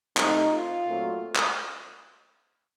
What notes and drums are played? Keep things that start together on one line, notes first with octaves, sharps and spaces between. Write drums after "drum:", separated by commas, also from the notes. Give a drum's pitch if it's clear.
C3 F3 A3 C4 D#4, drum: clap
F4
A#2 F#3 A3 C4
drum: clap